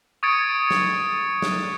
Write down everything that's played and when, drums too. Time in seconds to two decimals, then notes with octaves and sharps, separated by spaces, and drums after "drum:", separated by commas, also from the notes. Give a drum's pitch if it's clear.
0.23 C#6 D#6 G#6 A6 C#7 D7
0.71 drum: snare
1.42 drum: snare